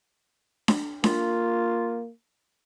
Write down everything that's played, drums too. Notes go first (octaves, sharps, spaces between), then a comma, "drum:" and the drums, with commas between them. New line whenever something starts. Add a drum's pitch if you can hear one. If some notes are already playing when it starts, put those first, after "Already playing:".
drum: snare D4
A#3 F4, drum: snare D4